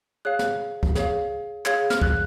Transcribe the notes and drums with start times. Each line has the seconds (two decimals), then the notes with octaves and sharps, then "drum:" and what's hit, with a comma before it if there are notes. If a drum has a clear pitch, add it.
0.25 G#4 C#5 F5 F#6
0.39 drum: snare
0.83 drum: kick
0.95 G#4 C#5 F5, drum: snare
1.66 G#4 C#5 F5 G#6, drum: clap
1.90 F6, drum: snare
2.02 F#6, drum: kick